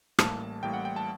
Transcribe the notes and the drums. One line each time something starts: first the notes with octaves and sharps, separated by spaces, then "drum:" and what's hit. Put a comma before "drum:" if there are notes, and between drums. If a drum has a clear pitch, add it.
A1 A2 G3 A#3 A5, drum: rim click
A1 A2 G3 A#3 G5
F#5
G5
A5